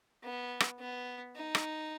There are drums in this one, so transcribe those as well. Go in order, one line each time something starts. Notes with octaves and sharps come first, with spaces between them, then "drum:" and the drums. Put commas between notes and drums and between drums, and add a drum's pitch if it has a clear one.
B3
drum: rim click
B3
D#4
drum: rim click